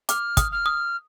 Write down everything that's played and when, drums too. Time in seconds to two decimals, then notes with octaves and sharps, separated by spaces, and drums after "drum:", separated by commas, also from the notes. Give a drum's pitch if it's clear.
0.09 D6 F6, drum: hi-hat
0.37 D#6, drum: kick, hi-hat
0.52 F6
0.66 D#6